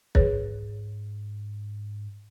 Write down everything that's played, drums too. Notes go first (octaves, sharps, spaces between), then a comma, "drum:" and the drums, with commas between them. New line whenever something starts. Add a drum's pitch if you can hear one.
G#2 G#4 B4 C#5, drum: kick